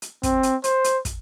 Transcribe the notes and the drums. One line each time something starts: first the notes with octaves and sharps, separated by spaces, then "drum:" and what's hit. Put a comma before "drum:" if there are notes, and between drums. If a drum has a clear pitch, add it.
drum: hi-hat
C4, drum: kick, hi-hat
drum: hi-hat
C5, drum: hi-hat
drum: hi-hat
drum: kick, hi-hat